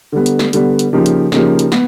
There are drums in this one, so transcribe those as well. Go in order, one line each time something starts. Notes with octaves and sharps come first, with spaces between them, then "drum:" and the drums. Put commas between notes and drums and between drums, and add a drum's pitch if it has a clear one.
D3 G3 B3
drum: hi-hat
drum: snare
D3 G3 B3, drum: hi-hat
drum: hi-hat
C#3 F3 A#3 D#4 G4
drum: hi-hat
C#3 F3 A#3 D#4 G4, drum: snare
drum: hi-hat
B3, drum: snare